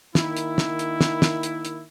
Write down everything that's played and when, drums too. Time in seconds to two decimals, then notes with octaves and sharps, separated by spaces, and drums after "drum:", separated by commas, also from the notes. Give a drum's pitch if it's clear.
0.15 D#3 A#3 E4, drum: snare
0.37 drum: hi-hat
0.58 drum: snare
0.79 drum: hi-hat
1.01 drum: snare
1.22 drum: snare
1.43 drum: hi-hat
1.65 drum: hi-hat